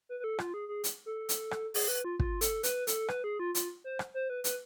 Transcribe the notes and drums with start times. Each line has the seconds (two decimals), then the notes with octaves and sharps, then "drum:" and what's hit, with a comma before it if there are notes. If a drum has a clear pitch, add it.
0.09 B4
0.20 B4
0.24 A4
0.39 F4, drum: rim click
0.54 G#4
0.68 G#4
0.84 drum: hi-hat
1.06 A4
1.29 drum: hi-hat
1.51 drum: rim click
1.74 G#4, drum: open hi-hat
1.88 B4
2.04 F4
2.19 F4, drum: kick
2.41 A4, drum: hi-hat
2.63 B4, drum: hi-hat
2.87 A4, drum: hi-hat
3.08 B4, drum: rim click
3.24 G#4
3.39 F4
3.55 F4, drum: hi-hat
3.84 C5
3.99 drum: rim click
4.14 C5
4.30 B4
4.44 B4, drum: hi-hat